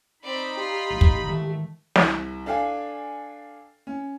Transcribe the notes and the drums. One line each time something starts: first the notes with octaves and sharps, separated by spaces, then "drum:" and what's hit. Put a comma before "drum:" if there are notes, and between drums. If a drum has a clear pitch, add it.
C4 D#4 D5 B5
F4 G4
A1
drum: kick
D#3 E3 G#3 A3
C2, drum: snare
D4 A4 F5 G5 G#5
C#4